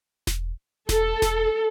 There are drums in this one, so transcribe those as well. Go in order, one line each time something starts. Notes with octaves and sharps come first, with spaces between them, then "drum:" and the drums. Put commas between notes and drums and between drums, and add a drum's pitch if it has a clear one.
drum: snare E1
A4, drum: snare E1
drum: snare E1